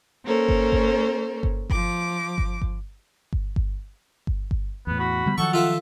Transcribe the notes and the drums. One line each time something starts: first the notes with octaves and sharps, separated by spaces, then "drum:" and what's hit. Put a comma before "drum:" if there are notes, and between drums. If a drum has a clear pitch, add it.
A#3 C#4 A4 A#4 C5
drum: kick G1
drum: kick G1
drum: kick G1
F3 D6, drum: kick G1
drum: kick G1
drum: kick G1
drum: kick G1
drum: kick G1
drum: kick G1
drum: kick G1
E2 A2 B3
F#4 B5
D3 G3 B3
D#3 F3 F#3 A4 F#5 C#6
F4 A4 E5